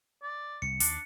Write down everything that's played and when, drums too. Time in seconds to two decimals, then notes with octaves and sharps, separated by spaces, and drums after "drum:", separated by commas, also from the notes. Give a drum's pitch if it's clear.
0.23 D5
0.62 C2 C#7
0.80 D#2 D4, drum: open hi-hat